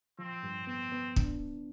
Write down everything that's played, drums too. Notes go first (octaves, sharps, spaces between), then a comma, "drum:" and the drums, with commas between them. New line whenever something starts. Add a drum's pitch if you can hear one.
F3 C4
G2
B3 C4
B3
D4, drum: kick